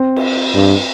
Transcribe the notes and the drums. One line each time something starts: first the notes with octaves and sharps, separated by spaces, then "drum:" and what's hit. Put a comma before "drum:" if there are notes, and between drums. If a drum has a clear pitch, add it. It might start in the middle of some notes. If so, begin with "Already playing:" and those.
Already playing: C4
drum: cymbal
G2